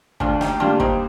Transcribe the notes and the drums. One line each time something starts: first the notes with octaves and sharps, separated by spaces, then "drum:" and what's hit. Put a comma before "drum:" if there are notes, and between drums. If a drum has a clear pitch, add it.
D2 D4 F4, drum: kick
D#4 G4, drum: snare
D3 G3 A#3 D4 F4
C4 D#4, drum: kick